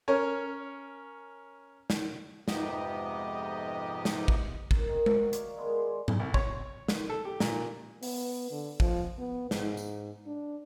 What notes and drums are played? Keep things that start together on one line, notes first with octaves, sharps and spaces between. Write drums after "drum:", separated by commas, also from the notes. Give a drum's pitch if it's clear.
C#4 A#4 C#5
drum: snare
F2 G#2 C3 B3 G4 D#5, drum: snare
drum: snare
drum: kick
A#4, drum: kick
D#3
F#3, drum: tom G#3
C#5 D5 F5, drum: hi-hat
D#3 G#3 B3
C5 D5
drum: tom G#2
C2
C#5, drum: kick
drum: snare
A4
G4
A#2, drum: snare
B3, drum: open hi-hat
D3
F3, drum: kick
B3
G#2, drum: snare
drum: tambourine
D4